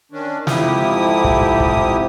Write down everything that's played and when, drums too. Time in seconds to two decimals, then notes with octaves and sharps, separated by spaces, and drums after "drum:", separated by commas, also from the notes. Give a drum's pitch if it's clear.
0.12 D#3 C#4 D4
0.47 F2 G#2 F3 E4 G4 D#6, drum: snare
1.24 drum: kick
1.60 drum: kick